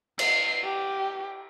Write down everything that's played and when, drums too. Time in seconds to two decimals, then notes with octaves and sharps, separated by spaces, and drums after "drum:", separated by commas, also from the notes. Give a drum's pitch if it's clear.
0.19 C7, drum: cymbal
0.64 G4